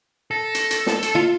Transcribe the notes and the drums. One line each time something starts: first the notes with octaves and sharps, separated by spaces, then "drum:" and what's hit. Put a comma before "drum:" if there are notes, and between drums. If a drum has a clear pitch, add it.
A4 A#6
drum: hi-hat
drum: hi-hat
A5, drum: snare
drum: hi-hat
F4 A5